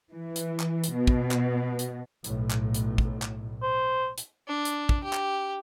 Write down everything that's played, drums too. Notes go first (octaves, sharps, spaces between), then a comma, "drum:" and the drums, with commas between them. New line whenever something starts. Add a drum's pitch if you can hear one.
E3
drum: hi-hat
drum: clap
drum: hi-hat
B2
drum: kick
drum: clap
drum: hi-hat
B1 A2, drum: hi-hat
drum: clap
drum: hi-hat
drum: kick
drum: clap
C5
drum: hi-hat
D4
drum: hi-hat
drum: kick
G4
drum: clap